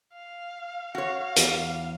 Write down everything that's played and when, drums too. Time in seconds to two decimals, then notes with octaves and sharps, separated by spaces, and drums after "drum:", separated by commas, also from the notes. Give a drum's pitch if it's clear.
0.14 F5
0.95 F#4 C#5 F5
1.36 E2, drum: hi-hat